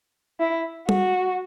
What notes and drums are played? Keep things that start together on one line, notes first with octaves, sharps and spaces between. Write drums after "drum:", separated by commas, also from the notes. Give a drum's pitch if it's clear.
E4
F#4, drum: tom G3